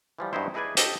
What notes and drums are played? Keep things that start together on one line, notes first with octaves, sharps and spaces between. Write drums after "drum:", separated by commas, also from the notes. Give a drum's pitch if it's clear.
E3 F3 G3
G2 F#3 B3 D#4 E4 C5
D#4 E4 G#4 B4 D5 G#5
G4 A4 D#5 A5, drum: hi-hat